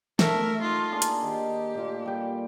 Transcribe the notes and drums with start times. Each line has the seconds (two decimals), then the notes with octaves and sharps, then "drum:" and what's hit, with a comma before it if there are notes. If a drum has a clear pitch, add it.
0.19 A3 A#4 E5, drum: snare
0.62 D#4 F4
0.92 A#3 D4 G#4
1.02 drum: hi-hat
1.22 D#3 G4
1.75 A#2 F4
2.06 G3 G5